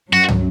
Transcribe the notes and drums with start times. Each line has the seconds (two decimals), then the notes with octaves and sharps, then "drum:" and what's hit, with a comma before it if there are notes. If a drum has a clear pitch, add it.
0.12 F#2 F#3 F#4
0.28 drum: tom